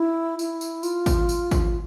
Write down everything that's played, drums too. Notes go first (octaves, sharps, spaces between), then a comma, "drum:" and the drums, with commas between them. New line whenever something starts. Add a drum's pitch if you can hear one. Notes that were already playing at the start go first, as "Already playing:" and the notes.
Already playing: E4
E4, drum: tambourine
drum: tambourine
F4, drum: tambourine
drum: kick G#1, tambourine
drum: tambourine
drum: kick G#1, tambourine